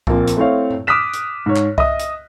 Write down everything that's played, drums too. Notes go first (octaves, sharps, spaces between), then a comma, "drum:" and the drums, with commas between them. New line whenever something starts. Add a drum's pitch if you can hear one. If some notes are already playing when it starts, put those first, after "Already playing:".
A#1 F3 A#3 C4, drum: kick C2
drum: hi-hat
A3 C4 E4 C#5 F5
drum: tom A2
D6 D#6 F6 F#6 B6 E7
drum: hi-hat
G#2 C#5
drum: clap
D#5 E5 D#6, drum: kick C2
drum: hi-hat